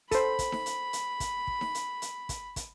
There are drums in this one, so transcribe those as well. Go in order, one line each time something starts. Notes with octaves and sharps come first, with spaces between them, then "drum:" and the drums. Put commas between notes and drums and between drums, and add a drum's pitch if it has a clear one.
A4 C5 B5, drum: kick, hi-hat
drum: kick, hi-hat
drum: snare D#4
drum: hi-hat
drum: hi-hat
drum: kick, hi-hat
drum: kick
drum: snare D#4
drum: hi-hat
drum: hi-hat
drum: kick, hi-hat
drum: kick, hi-hat